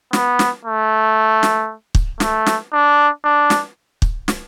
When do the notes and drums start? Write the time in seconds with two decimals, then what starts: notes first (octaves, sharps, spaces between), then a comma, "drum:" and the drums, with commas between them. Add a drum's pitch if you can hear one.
0.13 B3, drum: snare
0.39 drum: snare
0.65 A3
1.43 drum: snare
1.95 drum: kick
2.20 A3, drum: snare
2.46 drum: snare
2.73 D4
3.24 D4
3.50 drum: snare
4.02 drum: kick
4.28 drum: snare